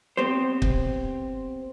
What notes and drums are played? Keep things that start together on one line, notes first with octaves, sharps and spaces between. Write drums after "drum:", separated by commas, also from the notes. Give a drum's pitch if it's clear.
B3 C4 G4 C5
drum: kick